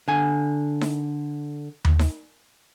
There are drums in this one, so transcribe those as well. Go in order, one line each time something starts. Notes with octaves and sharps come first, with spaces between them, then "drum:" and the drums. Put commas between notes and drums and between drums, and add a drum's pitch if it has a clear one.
D3 G#5
drum: snare D#4
drum: tom D#2
drum: snare D#4